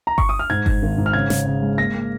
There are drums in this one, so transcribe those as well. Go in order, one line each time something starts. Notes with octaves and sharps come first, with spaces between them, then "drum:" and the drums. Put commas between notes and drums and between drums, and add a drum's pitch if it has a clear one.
A#5
C#6, drum: kick G1
D#6
F6
G#2 G#6
G#2, drum: kick G1
G#1
G#2
F6
C#3 G#6
C#3, drum: snare
C#3
G#3
A#3 A#6
A#3